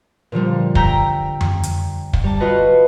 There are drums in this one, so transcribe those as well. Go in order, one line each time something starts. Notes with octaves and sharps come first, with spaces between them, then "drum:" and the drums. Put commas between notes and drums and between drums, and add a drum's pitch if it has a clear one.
A#2 D3 F3 G3
G5 A#5 E6 G6 A#6 B6, drum: kick
drum: tom F2
drum: hi-hat
drum: kick
G3 A5
F4 F#4 B4 D#5